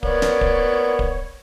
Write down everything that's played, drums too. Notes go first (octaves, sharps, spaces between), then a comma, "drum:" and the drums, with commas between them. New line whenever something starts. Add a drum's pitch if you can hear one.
A#3 B3 C#5 D5, drum: kick D1
drum: snare
drum: kick D1
drum: kick D1